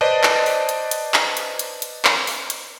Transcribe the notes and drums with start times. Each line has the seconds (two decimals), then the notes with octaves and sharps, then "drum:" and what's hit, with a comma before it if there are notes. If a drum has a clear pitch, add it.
0.01 B4 C5 D5 D#5 A5
0.23 drum: clap
0.46 drum: open hi-hat
0.69 drum: hi-hat
0.91 drum: hi-hat
1.14 drum: clap
1.37 drum: hi-hat
1.59 drum: hi-hat
1.82 drum: hi-hat
2.05 drum: clap
2.27 drum: open hi-hat
2.50 drum: hi-hat